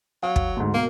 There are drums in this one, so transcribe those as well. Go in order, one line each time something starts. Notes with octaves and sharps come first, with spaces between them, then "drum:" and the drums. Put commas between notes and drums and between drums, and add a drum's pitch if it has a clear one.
F#3 F5
drum: kick
D2 G#2
B2 A#3 A#4